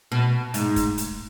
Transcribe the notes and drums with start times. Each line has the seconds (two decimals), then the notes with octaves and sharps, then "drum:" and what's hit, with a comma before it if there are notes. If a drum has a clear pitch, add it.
0.12 B2
0.54 G#2, drum: hi-hat
0.76 drum: kick, hi-hat
0.98 drum: hi-hat